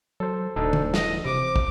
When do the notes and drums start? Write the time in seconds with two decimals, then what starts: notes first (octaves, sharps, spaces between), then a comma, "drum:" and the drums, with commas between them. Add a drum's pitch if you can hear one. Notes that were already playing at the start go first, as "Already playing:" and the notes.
0.20 F#3 A4 C5
0.56 D#1 D2 D4 D#4 A4
0.73 drum: tom
0.94 E3 D#5, drum: snare
1.26 C3 C5 D6
1.56 drum: kick